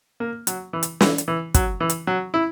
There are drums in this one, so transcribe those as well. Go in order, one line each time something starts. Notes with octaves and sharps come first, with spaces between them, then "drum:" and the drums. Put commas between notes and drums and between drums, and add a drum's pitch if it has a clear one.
A#3
F#3, drum: hi-hat
E3
drum: hi-hat
E3, drum: snare
drum: hi-hat
E3
F#3, drum: kick, hi-hat
E3
drum: hi-hat
F#3
E4